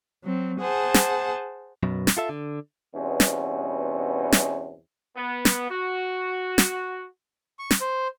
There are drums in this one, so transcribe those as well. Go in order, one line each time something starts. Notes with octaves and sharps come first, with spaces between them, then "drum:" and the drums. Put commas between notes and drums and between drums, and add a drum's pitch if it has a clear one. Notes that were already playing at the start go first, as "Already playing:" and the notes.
F#3 C4
G#4 C5 F#5 A5
drum: snare
B1 F#2 B2
drum: snare
F4 A4 E5
D3
E2 G2 B2 C4 C#4
drum: snare
drum: snare
B3
drum: snare
F#4
drum: snare
C#6
drum: snare
C5